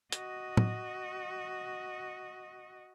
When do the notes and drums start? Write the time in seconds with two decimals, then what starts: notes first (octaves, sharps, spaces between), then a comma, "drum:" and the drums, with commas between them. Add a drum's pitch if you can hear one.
0.12 F#4 D#5, drum: hi-hat
0.57 drum: tom